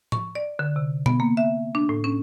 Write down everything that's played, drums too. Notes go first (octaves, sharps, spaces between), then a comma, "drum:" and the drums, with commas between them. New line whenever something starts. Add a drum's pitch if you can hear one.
C#6, drum: tom A2
D5
D3
C3
B3, drum: tom B2
A#3
E5
D4
A2
C#4